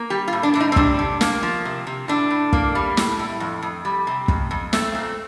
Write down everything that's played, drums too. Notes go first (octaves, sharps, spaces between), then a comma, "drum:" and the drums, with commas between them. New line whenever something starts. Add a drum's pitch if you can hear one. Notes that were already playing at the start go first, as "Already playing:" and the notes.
Already playing: A#3
G3 G4
F4
A2
D4
A2 D4
D#4
C4
C3 D4, drum: kick
C3
A#3, drum: snare
F3
C3
C3
A2 D4
A2
A#3, drum: kick
G3
A2, drum: snare
A2
F2
F2
G3
C3
F2, drum: kick
F2
A3 C4, drum: snare
A#2